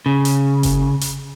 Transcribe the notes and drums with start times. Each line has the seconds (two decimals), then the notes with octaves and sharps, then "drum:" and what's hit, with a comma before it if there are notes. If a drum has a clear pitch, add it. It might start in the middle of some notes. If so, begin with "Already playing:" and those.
0.06 C#3
0.25 drum: hi-hat
0.63 drum: kick F#1, hi-hat
1.01 drum: hi-hat